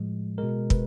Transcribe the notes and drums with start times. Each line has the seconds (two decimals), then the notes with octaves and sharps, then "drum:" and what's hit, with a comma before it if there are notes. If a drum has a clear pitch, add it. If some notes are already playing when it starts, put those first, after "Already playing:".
Already playing: A2 F3 G#3
0.38 B2 G#3 A#4
0.70 B4, drum: kick